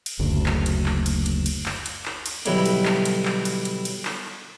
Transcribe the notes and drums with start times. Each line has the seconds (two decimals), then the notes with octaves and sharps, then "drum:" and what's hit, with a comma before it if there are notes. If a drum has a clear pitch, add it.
0.06 drum: cymbal
0.19 F#1 D2
0.46 drum: clap
0.66 drum: cymbal
0.86 drum: clap
1.06 drum: cymbal
1.26 drum: cymbal
1.46 drum: cymbal
1.66 drum: clap
1.86 drum: cymbal
2.06 drum: clap
2.26 drum: cymbal
2.46 B2 D3 F#3 G3 E4, drum: cymbal
2.66 drum: cymbal
2.85 drum: clap
3.05 drum: cymbal
3.25 drum: clap
3.45 drum: cymbal
3.65 drum: cymbal
3.85 drum: cymbal
4.05 drum: clap